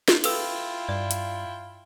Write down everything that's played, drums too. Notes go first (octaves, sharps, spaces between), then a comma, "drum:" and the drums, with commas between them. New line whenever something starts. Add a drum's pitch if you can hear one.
drum: snare
E4 F4 A4 B4 G5 E6, drum: cymbal
G2 D5
drum: hi-hat